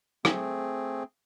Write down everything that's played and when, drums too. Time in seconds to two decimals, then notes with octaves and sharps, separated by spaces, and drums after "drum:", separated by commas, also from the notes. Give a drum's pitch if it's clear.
0.25 A3 C4 G#4, drum: rim click